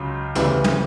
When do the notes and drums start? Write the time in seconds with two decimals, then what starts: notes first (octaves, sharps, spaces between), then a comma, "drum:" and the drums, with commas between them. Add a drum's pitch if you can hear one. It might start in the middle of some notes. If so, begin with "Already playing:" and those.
Already playing: C#2 C#3 F#3
0.35 D2 C#3 E3 G3 B3, drum: snare
0.64 drum: tom